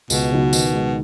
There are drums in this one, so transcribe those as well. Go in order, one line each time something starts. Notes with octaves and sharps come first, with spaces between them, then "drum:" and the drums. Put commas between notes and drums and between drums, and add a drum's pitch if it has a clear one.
C#2 B2, drum: tambourine
C#3 F#3 B3 D#4
D#3, drum: tambourine
G#3 D#4